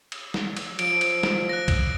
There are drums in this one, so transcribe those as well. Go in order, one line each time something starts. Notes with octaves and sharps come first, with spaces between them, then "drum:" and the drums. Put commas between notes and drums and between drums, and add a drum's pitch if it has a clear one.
drum: cymbal
drum: snare
drum: cymbal
F3 D7, drum: cymbal
drum: cymbal
drum: snare
F#6 A#6
drum: kick C2, cymbal